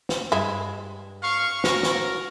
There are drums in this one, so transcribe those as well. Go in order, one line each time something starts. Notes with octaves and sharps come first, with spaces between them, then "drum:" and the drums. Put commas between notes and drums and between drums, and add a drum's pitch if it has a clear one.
drum: snare
G2 G#3 E4
F5 C#6
F#4 A#4, drum: snare
drum: snare